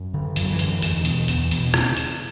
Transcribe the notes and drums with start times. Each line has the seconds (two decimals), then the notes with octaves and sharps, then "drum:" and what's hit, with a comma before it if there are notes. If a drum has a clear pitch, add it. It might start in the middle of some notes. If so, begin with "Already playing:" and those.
Already playing: F#2
0.14 D3
0.36 F#2 E3, drum: hi-hat
0.45 F#3
0.52 E3
0.59 D3, drum: hi-hat
0.82 E2, drum: hi-hat
1.05 B2, drum: hi-hat
1.28 E2, drum: hi-hat
1.51 B2, drum: hi-hat
1.74 drum: rim click
1.97 drum: hi-hat